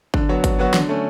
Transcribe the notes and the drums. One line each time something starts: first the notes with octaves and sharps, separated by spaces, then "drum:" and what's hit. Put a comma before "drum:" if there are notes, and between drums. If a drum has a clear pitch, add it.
D3, drum: kick G1
F#3 B3 F#4 C#5
D3, drum: kick G1, hi-hat
F#3 B3 F#4 C#5
D3, drum: snare
A3 C#4